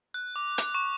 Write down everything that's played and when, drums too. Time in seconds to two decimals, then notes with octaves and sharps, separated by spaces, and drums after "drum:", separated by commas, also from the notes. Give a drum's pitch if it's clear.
0.14 F#6
0.36 D6
0.58 drum: hi-hat
0.75 C#6